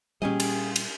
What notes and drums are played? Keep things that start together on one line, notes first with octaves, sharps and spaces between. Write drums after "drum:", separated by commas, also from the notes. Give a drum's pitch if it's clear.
A#2 G3 C#4 G4 G#4 D#5
drum: cymbal
drum: cymbal